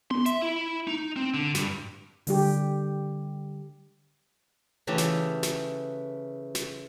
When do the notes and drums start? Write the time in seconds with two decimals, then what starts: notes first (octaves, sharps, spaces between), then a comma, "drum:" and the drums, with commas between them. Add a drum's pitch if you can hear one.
0.11 C6, drum: tom B3
0.26 E5, drum: hi-hat
0.42 E4
0.87 D#4
1.16 C4
1.34 D3
1.55 G2, drum: snare
2.27 D3 G3 G4, drum: open hi-hat
4.87 C#3 E3 A3 G4
4.98 drum: snare
5.43 drum: snare
6.55 drum: snare